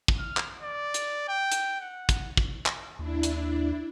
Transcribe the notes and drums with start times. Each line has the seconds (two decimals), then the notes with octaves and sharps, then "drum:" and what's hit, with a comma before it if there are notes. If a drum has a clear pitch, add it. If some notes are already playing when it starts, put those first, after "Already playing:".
0.08 drum: kick
0.19 F6
0.37 drum: clap
0.62 D5
0.94 drum: hi-hat
1.28 G5
1.52 drum: hi-hat
1.80 F#5
2.09 drum: kick, hi-hat
2.37 drum: kick
2.66 drum: clap
2.99 D#2 D4 E4
3.23 drum: hi-hat